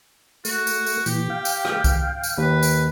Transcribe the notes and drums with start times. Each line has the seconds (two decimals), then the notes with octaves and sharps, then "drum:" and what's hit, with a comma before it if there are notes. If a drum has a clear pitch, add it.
0.45 A3 F#4, drum: tambourine
0.67 drum: tambourine
0.86 drum: tambourine
1.06 A#2 E3 G4, drum: tambourine
1.30 F5 G5
1.45 drum: tambourine
1.65 drum: rim click
1.84 drum: kick C2, tambourine
2.23 drum: tambourine
2.38 D#2 B4
2.63 drum: tambourine